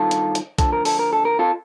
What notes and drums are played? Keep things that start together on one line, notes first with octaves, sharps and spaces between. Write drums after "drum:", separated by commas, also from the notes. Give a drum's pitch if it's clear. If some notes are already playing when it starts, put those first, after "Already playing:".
Already playing: G2 D#3 F4 A4
drum: hi-hat
drum: hi-hat
D2 D3 F3 A4, drum: kick B1, hi-hat
A#4
A4, drum: open hi-hat
A#4
A4
A#4
F4 A4